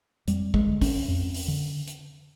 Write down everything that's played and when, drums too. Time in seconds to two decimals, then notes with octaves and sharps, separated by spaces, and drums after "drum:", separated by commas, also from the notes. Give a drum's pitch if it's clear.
0.27 F2 G3, drum: hi-hat
0.54 G#3, drum: kick
0.67 D3
0.81 C#4, drum: kick, open hi-hat
1.08 F2
1.34 drum: open hi-hat
1.48 D3
1.87 drum: hi-hat